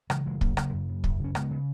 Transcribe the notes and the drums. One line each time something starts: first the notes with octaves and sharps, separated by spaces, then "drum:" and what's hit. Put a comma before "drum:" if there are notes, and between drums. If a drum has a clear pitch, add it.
C#3 E3 G#3, drum: rim click
F#1 E3 G#3
F#1 F#3 A#3, drum: kick
C#3 F#3 A#3, drum: rim click
F#2
C#3
F#2, drum: kick
C#3 C#4
C#3 G#3 B3, drum: rim click
C#3